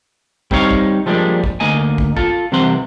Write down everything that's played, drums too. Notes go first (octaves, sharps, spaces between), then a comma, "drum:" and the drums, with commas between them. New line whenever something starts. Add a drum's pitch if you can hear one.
G3 C4 D#4 F4 C#5 F5, drum: kick
drum: kick
F3 G3 G#3 A#3 D4
drum: kick
D2 A#3 D#5 G#5
drum: kick
F4 A4, drum: kick
C2 C3 E3 C4 F#5 C6